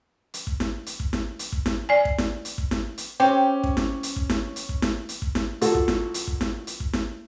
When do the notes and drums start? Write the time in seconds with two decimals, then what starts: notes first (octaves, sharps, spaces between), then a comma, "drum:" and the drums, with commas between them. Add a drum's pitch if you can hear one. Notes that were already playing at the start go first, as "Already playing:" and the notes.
0.34 drum: hi-hat
0.47 drum: kick
0.60 drum: snare E4
0.86 drum: hi-hat
1.00 drum: kick
1.13 drum: snare E4
1.39 drum: hi-hat
1.52 drum: kick
1.66 drum: snare E4
1.89 D5 G#5
2.05 drum: kick
2.18 drum: snare E4
2.45 drum: hi-hat
2.58 drum: kick
2.71 drum: snare E4
2.98 drum: hi-hat
3.20 C4 C#4 G4
3.64 drum: kick
3.77 drum: snare E4
4.03 drum: hi-hat
4.16 drum: kick
4.30 drum: snare E4
4.56 drum: hi-hat
4.69 drum: kick
4.82 drum: snare E4
5.09 drum: hi-hat
5.22 drum: kick
5.35 drum: snare E4
5.61 A#2 F#4 A4, drum: hi-hat
5.75 drum: kick
5.88 drum: snare E4
6.14 drum: hi-hat
6.27 drum: kick
6.41 drum: snare E4
6.67 drum: hi-hat
6.80 drum: kick
6.93 drum: snare E4